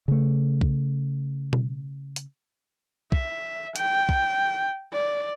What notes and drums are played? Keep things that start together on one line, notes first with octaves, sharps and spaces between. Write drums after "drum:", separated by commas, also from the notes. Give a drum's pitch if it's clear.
C#3 A3
drum: kick
drum: tom B2
drum: hi-hat
E5, drum: kick
G5, drum: hi-hat
drum: kick
D5